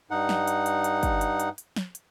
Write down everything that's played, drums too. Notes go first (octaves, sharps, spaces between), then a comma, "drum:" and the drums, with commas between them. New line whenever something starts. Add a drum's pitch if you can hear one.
G2 D#4 F#5
drum: snare
drum: hi-hat
drum: hi-hat
drum: hi-hat
drum: kick G1, hi-hat
drum: hi-hat
drum: hi-hat
drum: hi-hat
drum: snare
drum: hi-hat